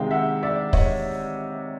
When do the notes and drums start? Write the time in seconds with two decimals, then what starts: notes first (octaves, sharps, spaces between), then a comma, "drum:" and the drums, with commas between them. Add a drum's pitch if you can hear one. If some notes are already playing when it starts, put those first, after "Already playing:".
Already playing: C3 D#3 G#3 F5 G5
0.11 E5 F#5
0.43 D5 E5
0.73 C#5 D#5, drum: kick